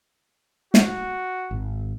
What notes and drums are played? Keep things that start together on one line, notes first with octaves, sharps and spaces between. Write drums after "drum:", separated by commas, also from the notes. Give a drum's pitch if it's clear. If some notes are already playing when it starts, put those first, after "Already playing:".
F#4, drum: snare
G#1